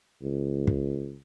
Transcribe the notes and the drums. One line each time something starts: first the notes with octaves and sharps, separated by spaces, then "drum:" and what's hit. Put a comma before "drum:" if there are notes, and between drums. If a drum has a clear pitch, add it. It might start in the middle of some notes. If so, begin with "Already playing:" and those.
C#2
drum: kick